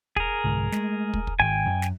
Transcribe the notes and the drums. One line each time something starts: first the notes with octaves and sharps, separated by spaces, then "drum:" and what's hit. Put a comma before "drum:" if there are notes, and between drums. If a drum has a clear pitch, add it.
G#4 A#4, drum: kick
C2 G#2 D3
G#3 A3, drum: snare
drum: kick
drum: kick
G#1 G5 G#5
F#2 F#3
drum: snare